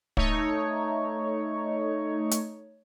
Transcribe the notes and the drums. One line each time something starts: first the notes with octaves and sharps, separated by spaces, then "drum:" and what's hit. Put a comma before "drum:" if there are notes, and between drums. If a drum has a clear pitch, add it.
A3 D#4 C#5, drum: kick
drum: hi-hat